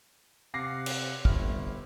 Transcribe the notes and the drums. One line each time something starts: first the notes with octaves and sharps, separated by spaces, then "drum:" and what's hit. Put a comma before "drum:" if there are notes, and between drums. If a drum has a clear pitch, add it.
C3 F5 F#5 D6 A#6 C7
drum: cymbal
G1 A3 C4 E4 F6, drum: kick